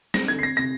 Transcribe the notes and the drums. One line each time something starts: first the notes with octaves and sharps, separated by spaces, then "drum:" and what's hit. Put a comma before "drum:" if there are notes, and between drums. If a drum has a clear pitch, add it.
C4 A#6, drum: snare
D3 G#6
C7
C4 A#6
C3 A#6